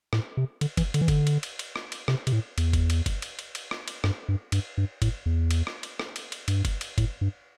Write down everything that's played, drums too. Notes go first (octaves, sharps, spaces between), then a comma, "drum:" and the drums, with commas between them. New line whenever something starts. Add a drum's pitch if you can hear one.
A2, drum: rim click
C3
D3, drum: cymbal
E3, drum: kick F#1, cymbal
D3, drum: cymbal
E3
D3, drum: kick F#1, cymbal
drum: cymbal
drum: cymbal
drum: cymbal
drum: rim click
drum: cymbal
C3, drum: rim click
C3, drum: cymbal
A2
E2, drum: cymbal
drum: kick F#1, cymbal
drum: cymbal
drum: kick F#1, cymbal
drum: cymbal
drum: cymbal
drum: cymbal
drum: rim click
drum: cymbal
G2, drum: rim click
G2
G2, drum: cymbal
G2
A2, drum: kick F#1, cymbal
E2
drum: cymbal
drum: rim click
drum: cymbal
drum: rim click
drum: cymbal
drum: cymbal
G2, drum: cymbal
drum: kick F#1, cymbal
drum: cymbal
A2, drum: kick F#1, cymbal
G2